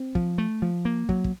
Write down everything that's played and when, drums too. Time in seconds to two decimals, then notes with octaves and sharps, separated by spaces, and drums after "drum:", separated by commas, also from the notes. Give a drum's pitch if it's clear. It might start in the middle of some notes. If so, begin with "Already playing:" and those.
Already playing: C4
0.15 F3, drum: kick
0.38 A3
0.62 F3
0.85 A#3
1.09 F#3, drum: kick
1.24 drum: kick